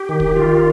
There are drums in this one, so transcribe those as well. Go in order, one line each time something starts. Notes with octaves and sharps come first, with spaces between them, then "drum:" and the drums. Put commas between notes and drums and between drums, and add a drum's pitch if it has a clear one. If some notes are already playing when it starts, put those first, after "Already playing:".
Already playing: G4
D#3
drum: kick
D#3 F4